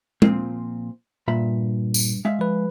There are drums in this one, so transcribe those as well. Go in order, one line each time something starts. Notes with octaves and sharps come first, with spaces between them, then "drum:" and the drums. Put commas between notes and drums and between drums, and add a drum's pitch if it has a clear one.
A#2 F3 C4, drum: tom
G2 A#2 E5 B5
drum: tambourine
G#3 E5 F5
F3 B4